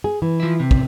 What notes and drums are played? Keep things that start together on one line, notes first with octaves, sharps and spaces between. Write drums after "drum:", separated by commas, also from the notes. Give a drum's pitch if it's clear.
G#4
E3
F3 E4
C3
drum: kick